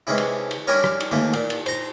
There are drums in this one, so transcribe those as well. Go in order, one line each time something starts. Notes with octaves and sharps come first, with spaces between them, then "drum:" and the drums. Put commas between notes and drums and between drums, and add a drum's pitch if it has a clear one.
C3 E3 G#3 C#4 E4
drum: cymbal
drum: cymbal
G3 C#4 D4 E4 A#4 C#5
drum: rim click
drum: cymbal
D#2 E3 A3 A#3
A#2, drum: cymbal
drum: cymbal
C5 A#5, drum: cymbal